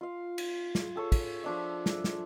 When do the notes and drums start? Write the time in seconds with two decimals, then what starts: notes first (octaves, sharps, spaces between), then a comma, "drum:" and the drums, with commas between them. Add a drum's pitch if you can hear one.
0.01 F4 F5
0.38 drum: cymbal
0.75 drum: snare
0.96 G#4 A4 C#5
1.12 drum: kick, cymbal
1.44 F3 D4 E5
1.86 drum: snare
2.04 drum: snare